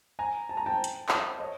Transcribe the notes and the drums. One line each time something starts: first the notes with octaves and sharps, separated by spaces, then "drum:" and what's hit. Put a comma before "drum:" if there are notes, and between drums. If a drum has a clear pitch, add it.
G#5 A#5
A5
A#5
G5 A5
drum: hi-hat
D#5 F5, drum: clap
C#5 D#5